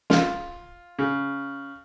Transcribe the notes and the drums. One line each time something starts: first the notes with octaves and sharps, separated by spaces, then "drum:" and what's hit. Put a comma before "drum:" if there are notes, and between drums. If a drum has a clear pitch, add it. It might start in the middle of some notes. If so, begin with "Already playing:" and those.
F4, drum: snare
C#3